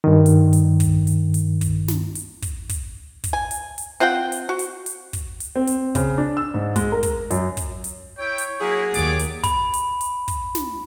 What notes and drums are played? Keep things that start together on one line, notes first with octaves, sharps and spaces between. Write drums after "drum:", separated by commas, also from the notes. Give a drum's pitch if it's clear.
G2 D#3
drum: hi-hat
drum: hi-hat
drum: kick, hi-hat
drum: hi-hat
drum: hi-hat
drum: kick, hi-hat
drum: snare
drum: hi-hat
drum: kick, hi-hat
drum: kick, hi-hat
drum: kick, hi-hat
G#5
drum: hi-hat
drum: hi-hat
C4 F4 F#5 G5
drum: hi-hat
F#4
drum: hi-hat
drum: hi-hat
drum: kick, hi-hat
drum: hi-hat
C4
drum: hi-hat
C#3, drum: kick, hi-hat
D4
E6
G#2
G#3, drum: kick, hi-hat
A#4
drum: kick, hi-hat
F#2, drum: hi-hat
drum: kick, hi-hat
drum: hi-hat
E4 C#5 G5
drum: hi-hat
F#3 A#3 E4 G#4
D#2 C#5 D5 D6, drum: hi-hat
drum: hi-hat
B5, drum: kick, hi-hat
drum: hi-hat
drum: hi-hat
drum: kick, hi-hat
drum: snare